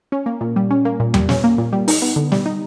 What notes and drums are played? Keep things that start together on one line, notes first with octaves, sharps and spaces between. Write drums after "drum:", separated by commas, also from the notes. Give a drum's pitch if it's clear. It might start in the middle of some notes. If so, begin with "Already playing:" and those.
C#4
A#3
A#2
G3
C#4
A#3
A#2
G3, drum: tom E2
C#4, drum: snare
A#3
A#2
G3
D#4, drum: open hi-hat
B3
D3
G3, drum: snare
D#4